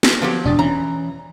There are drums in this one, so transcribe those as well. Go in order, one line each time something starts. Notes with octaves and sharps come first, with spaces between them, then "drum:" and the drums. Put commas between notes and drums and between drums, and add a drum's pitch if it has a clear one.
drum: snare
F3 F#3 B3 G4
E1 D4 D#6 A6
E3 C#4 A#5